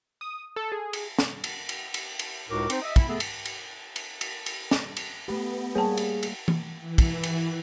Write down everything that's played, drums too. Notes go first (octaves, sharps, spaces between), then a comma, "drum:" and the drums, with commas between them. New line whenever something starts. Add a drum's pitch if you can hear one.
D#6
A4
G#4
drum: cymbal
drum: snare
drum: cymbal
drum: cymbal
drum: cymbal
drum: cymbal
C#2 A2 D#4 F#4 A#4 D6
C4 D#4 C5, drum: cymbal
D#5 E5
E4, drum: kick, cymbal
A3 B3 G#4 A4
drum: cymbal
drum: cymbal
drum: cymbal
drum: cymbal
drum: cymbal
drum: snare
drum: cymbal
A3 B3 G4
G3 A#3 G#4 B4 C#5 G5 A5
drum: cymbal
drum: cymbal
drum: tom E3
E3
drum: kick, cymbal
drum: cymbal